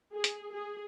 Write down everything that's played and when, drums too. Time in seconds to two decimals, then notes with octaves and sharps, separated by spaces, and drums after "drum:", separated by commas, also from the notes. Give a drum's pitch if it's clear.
0.14 G#4
0.24 drum: hi-hat
0.53 G#4